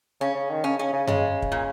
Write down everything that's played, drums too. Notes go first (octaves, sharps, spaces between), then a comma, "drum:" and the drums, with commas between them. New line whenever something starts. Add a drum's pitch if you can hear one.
C#3 C#4
C#3
D#3
C#3 C#4
C#3 C#4
C#3
C#3 G#3, drum: tom F#2
drum: kick
A#2